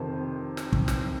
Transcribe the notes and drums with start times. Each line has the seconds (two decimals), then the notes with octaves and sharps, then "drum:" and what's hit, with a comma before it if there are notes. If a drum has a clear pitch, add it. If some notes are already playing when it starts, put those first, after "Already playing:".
Already playing: F2 C3 D#3 C5
0.57 drum: snare
0.73 drum: kick
0.88 drum: snare